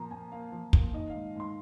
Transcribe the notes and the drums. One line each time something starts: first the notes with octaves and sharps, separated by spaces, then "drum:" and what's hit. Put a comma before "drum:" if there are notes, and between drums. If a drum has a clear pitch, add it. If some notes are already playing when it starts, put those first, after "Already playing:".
Already playing: A#2 F3 A#5
A#2 G#5
A#3 F5
F3
A#2, drum: kick
D#3 D#5
F5
G#2
G#2 C6